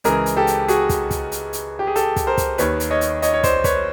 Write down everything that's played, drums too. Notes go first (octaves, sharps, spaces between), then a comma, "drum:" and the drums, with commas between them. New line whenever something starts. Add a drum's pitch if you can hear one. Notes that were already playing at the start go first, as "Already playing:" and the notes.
C#2 C#3 E3 G#4 A#4, drum: hi-hat
drum: hi-hat
G4 A4
drum: hi-hat
F#4 G#4, drum: hi-hat
drum: kick, hi-hat
drum: kick, hi-hat
drum: hi-hat
drum: hi-hat
G4
G#4
G4 A4, drum: hi-hat
drum: kick, hi-hat
A#4 C5
drum: kick, hi-hat
D#2 D#3 B4 C#5, drum: hi-hat
drum: hi-hat
C#5 D#5
drum: hi-hat
C#5 D#5, drum: hi-hat
C#5
C5 D5, drum: kick, hi-hat
B4 C#5, drum: kick, hi-hat